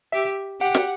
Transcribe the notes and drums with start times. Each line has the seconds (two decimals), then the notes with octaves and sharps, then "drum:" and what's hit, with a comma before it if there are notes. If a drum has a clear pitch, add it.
0.12 G4 E5
0.60 G4 F#5
0.75 drum: snare